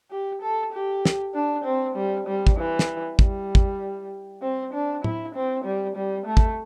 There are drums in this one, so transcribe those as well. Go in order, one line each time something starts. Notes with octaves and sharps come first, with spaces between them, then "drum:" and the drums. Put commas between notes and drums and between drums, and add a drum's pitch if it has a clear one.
G4
A4
G4
drum: snare
D4
C4
G3
G3
drum: kick
E3
drum: snare
G3, drum: kick
drum: kick
C4
D4
E4, drum: tom A2
C4
G3
G3
A3
drum: kick